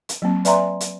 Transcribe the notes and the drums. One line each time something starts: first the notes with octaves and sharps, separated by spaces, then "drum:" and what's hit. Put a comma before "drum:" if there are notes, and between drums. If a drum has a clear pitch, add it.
drum: hi-hat
F#3 A#3 C4
B4 D5 E5 G#5 A#5 C6, drum: hi-hat
drum: hi-hat